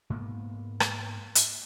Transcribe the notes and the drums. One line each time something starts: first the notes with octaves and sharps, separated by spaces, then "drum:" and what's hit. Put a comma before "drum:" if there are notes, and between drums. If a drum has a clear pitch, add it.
G#2 A#3 B3
drum: rim click
drum: hi-hat